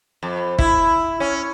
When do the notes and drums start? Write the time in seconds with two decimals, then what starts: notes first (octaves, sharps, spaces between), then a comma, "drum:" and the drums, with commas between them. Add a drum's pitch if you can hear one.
0.23 F2
0.59 E4, drum: kick
1.20 C#4